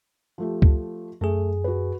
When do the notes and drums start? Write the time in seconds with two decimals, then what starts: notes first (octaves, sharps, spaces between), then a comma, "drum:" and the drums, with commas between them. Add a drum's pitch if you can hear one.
0.38 F3 A3 G4
0.62 drum: kick C#2
1.21 F#2 A3 G#4
1.64 F#4 B4